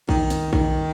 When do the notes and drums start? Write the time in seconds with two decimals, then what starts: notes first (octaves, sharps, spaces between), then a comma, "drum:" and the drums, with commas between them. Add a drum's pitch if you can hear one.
0.09 D#3, drum: kick A#1
0.30 drum: snare
0.53 D#3, drum: kick A#1